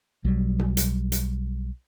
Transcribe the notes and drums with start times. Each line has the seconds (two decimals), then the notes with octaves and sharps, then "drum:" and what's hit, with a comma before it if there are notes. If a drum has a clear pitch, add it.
0.24 B1 F#3 G3
0.59 drum: tom B2
0.77 drum: hi-hat
1.12 drum: hi-hat